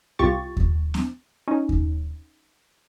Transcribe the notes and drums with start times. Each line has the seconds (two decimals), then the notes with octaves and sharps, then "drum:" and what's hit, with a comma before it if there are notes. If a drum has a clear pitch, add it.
0.19 C2 F4 G4 C#6 A6
0.57 drum: kick D#2
0.94 drum: snare
1.48 C#4 D#4
1.69 drum: kick D#2